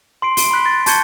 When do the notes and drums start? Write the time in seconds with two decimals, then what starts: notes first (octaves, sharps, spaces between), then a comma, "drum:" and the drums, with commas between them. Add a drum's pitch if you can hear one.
0.22 C6 C7 D7
0.37 D7 G7, drum: open hi-hat
0.51 B5 C6 F#6 B6
0.66 A6
0.86 A5 C#6 G6 G#6 C#7 G7, drum: open hi-hat